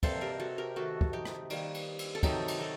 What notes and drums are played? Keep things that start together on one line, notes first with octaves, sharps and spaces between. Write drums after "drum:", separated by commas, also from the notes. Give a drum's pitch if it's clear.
C3 G3 A#3 A4 C5, drum: kick, cymbal
G4 A#4
F#4 A4
G4 A#4
D#3 A3 F#4 A4
drum: kick
D#4 G4
drum: rim click
D#3 G3 A#3, drum: cymbal
drum: cymbal
drum: cymbal
A4
C3 D#3 F#3 D#4 G4, drum: kick, cymbal
drum: cymbal
F#4 A4